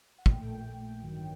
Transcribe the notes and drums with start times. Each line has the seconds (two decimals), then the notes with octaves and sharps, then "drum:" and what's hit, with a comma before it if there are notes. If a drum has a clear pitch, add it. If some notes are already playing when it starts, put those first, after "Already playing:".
0.18 F#5
0.26 A#1 A#2 A3 G5, drum: kick
1.02 A1 G2 D#3 F#3